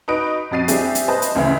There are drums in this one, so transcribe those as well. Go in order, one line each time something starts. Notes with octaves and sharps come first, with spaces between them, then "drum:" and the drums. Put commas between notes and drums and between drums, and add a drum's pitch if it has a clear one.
D#4 F#4 B4 D#5 D7
F2 F#4 D#5 A6 C7 D#7
C4 D4 E4 G4 G#4, drum: hi-hat
drum: hi-hat
B4 C5 D#5 A5
drum: hi-hat
A1 D2 C#3 E3 E4